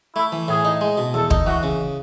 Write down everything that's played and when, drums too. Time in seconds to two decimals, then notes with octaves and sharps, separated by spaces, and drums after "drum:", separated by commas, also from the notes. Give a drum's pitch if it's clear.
0.16 A3 E4
0.32 E3
0.48 A2 G#4
0.65 D#4
0.81 G#3
0.97 B2
1.14 E2 A4
1.30 D#4, drum: kick
1.47 E3 F#4
1.63 C#3